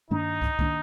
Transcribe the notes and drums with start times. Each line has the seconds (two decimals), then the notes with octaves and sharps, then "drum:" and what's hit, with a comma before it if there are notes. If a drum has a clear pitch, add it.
0.10 G2 D#3 A#3 D4 D#4
0.42 drum: kick
0.59 D#3 A#3 D4, drum: kick